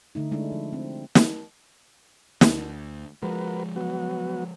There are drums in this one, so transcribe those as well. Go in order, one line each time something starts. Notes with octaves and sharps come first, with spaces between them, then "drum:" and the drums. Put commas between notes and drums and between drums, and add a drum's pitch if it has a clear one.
D3 A3 D#4
G#3 A3 D4 E4
F3
C4
drum: snare
D2, drum: snare
F3 G#3 F#4 A#4 B4
F#3 B3 F#4